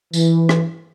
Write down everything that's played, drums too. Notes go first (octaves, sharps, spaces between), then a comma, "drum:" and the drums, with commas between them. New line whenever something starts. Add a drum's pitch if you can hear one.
E3, drum: tambourine
drum: rim click